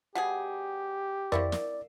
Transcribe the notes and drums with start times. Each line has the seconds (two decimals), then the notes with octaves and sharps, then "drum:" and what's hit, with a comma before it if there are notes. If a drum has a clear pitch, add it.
0.15 B2 G3 G4 G#4 F#5
1.32 C4 E4 A#4 D5 F5 C#6, drum: tom F2
1.52 drum: snare